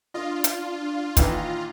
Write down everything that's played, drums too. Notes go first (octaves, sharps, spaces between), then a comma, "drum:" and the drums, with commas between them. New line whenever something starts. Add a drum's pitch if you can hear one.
D4 F4 D#5
drum: hi-hat
A#2 D#3 E3 A#5, drum: kick, hi-hat